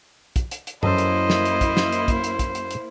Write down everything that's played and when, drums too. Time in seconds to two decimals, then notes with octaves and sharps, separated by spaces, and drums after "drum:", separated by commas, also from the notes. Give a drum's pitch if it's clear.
0.36 drum: kick, hi-hat
0.51 drum: hi-hat
0.67 drum: hi-hat
0.83 F#2 F#3 A#3 E4 A4 C5 D#5, drum: tom
0.98 drum: hi-hat
1.30 drum: snare
1.45 drum: hi-hat
1.61 drum: kick, hi-hat
1.77 drum: snare
1.92 drum: hi-hat
2.08 drum: kick, hi-hat
2.24 drum: hi-hat
2.39 drum: kick, hi-hat
2.55 drum: hi-hat
2.71 drum: hi-hat